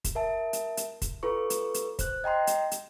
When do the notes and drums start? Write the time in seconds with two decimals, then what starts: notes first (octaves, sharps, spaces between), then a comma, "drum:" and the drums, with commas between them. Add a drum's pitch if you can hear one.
0.04 drum: kick, hi-hat
0.15 A#4 E5 A5
0.53 drum: hi-hat
0.77 drum: hi-hat
1.02 drum: kick, hi-hat
1.23 F4 A4 B4 C#6
1.50 drum: hi-hat
1.74 drum: hi-hat
1.99 C5 F#6, drum: kick, hi-hat
2.24 D#5 G5 A#5 C6
2.47 drum: hi-hat
2.71 drum: hi-hat